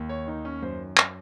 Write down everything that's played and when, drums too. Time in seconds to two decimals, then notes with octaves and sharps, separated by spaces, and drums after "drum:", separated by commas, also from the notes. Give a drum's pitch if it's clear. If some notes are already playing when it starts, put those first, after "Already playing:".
Already playing: D#2
0.09 C#5
0.27 D#3 D#4
0.45 C#4
0.62 F#2 C5
0.97 drum: clap